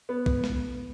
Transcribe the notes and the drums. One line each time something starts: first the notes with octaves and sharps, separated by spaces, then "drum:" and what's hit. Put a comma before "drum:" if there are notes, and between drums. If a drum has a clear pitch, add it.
B3
drum: kick B1
drum: snare